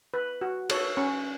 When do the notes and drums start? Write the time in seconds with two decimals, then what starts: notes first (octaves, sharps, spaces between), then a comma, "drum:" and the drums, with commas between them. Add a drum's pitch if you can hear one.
0.14 B4
0.41 F#4
0.70 A4 C#5, drum: cymbal
0.97 C#4 C#6